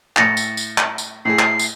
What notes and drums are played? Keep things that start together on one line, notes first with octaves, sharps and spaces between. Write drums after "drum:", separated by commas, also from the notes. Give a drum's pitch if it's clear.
A2 E4 A6 A#6 C#7, drum: clap
drum: tambourine
drum: tambourine
drum: clap
drum: tambourine
A2 E4 G#4 C7
drum: clap
drum: tambourine